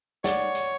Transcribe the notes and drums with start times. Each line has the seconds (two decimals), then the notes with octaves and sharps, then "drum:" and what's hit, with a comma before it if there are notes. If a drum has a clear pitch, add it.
0.24 C#5 D5 F#5, drum: snare
0.55 drum: hi-hat